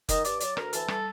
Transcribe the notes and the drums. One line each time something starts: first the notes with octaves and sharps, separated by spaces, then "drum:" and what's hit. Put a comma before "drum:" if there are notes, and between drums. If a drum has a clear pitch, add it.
D#3 D#5, drum: kick F1, hi-hat
G2 D5, drum: hi-hat
F#3 D5, drum: hi-hat
D2 A#4, drum: rim click
E3 A4, drum: hi-hat
G3 A4, drum: rim click